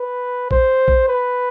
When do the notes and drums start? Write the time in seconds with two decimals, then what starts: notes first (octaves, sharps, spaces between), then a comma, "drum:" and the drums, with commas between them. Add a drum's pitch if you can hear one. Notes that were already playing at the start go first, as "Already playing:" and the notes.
Already playing: B4
0.51 C5, drum: kick A#1
0.88 drum: kick A#1
1.08 B4